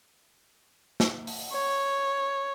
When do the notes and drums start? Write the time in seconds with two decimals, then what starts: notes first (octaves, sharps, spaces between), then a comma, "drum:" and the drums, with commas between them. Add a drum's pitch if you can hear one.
1.00 drum: snare
1.27 drum: open hi-hat
1.52 C#5